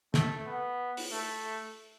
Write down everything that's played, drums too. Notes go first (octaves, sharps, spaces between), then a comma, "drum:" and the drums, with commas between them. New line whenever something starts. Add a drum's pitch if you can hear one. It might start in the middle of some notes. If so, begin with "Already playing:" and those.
A3, drum: snare
B3
drum: open hi-hat
A3